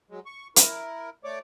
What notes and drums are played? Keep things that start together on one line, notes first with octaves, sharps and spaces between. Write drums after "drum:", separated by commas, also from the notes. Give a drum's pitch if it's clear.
F#3 G#3
C#6
E4 A#4, drum: hi-hat
A3 C#5 D5 D6